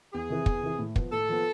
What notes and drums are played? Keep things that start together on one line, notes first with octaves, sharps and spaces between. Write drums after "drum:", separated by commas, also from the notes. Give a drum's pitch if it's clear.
E2 G#4
C3 E3
E2, drum: kick
C3 E3
A2
F3 B3, drum: kick
A2 A4
F3 B3